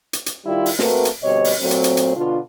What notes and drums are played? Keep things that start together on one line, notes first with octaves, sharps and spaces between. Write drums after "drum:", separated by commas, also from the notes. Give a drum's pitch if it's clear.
drum: hi-hat
drum: hi-hat
D#3 G3 E4 F4
drum: open hi-hat
A3 A#3 C4 F#4 A#4 B4, drum: snare
drum: hi-hat
D2 B2 G3 C4 C#5 D#5
drum: open hi-hat
A#2 F#3 A3 C4
drum: hi-hat
drum: hi-hat
drum: hi-hat
B2 D3 D4 F4